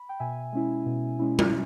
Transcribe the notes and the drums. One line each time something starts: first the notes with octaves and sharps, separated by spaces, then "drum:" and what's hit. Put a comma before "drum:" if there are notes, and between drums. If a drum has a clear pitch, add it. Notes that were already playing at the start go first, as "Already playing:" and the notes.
Already playing: B5
G5
B2 E5 G#5
G#3 C#4 E4
B2
G#3 C#4 E4
drum: tom